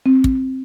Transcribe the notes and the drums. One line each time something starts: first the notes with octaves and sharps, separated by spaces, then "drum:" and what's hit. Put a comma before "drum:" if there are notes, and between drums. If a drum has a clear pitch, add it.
C4
drum: kick